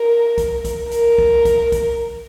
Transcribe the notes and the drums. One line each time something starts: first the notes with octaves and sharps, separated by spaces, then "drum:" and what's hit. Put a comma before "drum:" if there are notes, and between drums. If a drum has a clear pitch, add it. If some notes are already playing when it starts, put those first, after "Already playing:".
Already playing: A#4
drum: kick, hi-hat
drum: kick, hi-hat
A#4, drum: hi-hat
drum: kick
drum: kick, hi-hat
drum: kick, hi-hat